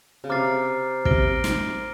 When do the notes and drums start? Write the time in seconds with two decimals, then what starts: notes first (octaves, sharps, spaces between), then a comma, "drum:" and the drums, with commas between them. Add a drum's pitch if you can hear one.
0.24 C#3
0.30 C3 A#5 D6 F6 A6 C7
1.05 C3 F6 A#6 D7 G7, drum: kick
1.44 drum: snare